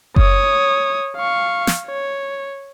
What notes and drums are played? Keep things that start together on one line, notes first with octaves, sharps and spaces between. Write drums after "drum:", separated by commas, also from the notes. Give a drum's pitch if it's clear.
C#5 D#6, drum: kick F#1
F5 C#6
drum: snare
C#5